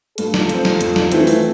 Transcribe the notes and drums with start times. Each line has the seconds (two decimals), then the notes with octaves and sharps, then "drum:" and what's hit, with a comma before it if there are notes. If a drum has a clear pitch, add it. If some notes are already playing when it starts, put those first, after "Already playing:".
0.18 G2 F4 A4, drum: hi-hat
0.34 drum: snare
0.49 F3 C4, drum: hi-hat
0.65 drum: snare
0.81 F2, drum: hi-hat
0.96 drum: snare
1.12 E3 A3 C4, drum: hi-hat
1.27 drum: open hi-hat